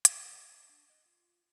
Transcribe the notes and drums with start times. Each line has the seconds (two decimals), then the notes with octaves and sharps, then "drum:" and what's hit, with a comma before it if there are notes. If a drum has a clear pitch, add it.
0.05 D3 E4 B5 C6 F6, drum: hi-hat
0.36 G4 D#5 E5 G5 A#5
0.52 D#4 C5 E5 A5 A#5
0.69 D4
0.90 D#5 F#6
1.06 F4